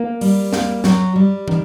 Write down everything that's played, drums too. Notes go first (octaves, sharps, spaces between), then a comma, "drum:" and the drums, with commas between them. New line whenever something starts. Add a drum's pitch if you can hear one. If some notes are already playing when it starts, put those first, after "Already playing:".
Already playing: A#3
G3, drum: open hi-hat
A#3, drum: snare
F#3, drum: snare
G3
D#3, drum: tom